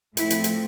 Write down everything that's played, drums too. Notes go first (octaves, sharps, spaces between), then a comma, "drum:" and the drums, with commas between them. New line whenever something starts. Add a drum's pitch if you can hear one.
A2 F3 A3 C4 E4, drum: hi-hat
drum: hi-hat
drum: hi-hat